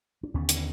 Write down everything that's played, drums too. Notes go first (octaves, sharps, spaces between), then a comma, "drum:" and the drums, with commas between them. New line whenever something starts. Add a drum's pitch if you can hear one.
D4
D#2 D3 B3 C#4
drum: hi-hat